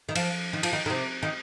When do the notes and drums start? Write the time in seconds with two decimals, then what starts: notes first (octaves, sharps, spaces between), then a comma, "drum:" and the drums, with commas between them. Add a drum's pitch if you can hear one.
0.09 D#3
0.15 F3, drum: cymbal
0.53 D#3
0.63 F3, drum: cymbal
0.73 D#3
0.86 D#3
0.90 C3
1.23 D#3